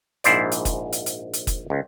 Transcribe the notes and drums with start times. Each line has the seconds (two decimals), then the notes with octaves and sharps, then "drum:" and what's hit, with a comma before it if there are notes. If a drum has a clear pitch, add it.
0.24 A#1 G#2 E4 C5 D5, drum: hi-hat
0.52 drum: hi-hat
0.65 drum: kick, hi-hat
0.92 drum: hi-hat
1.06 drum: hi-hat
1.33 drum: hi-hat
1.47 drum: kick, hi-hat
1.70 C#2